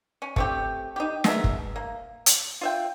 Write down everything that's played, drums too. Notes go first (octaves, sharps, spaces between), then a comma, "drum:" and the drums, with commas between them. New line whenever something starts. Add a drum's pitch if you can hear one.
C#4
A3 C4 G4, drum: kick
D#4 G4
B2 G#3 A#4 E5, drum: snare
drum: kick
A#3
drum: hi-hat
F4 E5 G5